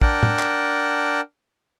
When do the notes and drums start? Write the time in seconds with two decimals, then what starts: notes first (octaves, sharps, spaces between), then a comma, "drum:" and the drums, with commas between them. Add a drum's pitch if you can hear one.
0.01 D4 A#4 F#5 G5 A5, drum: kick
0.23 drum: tom
0.39 drum: clap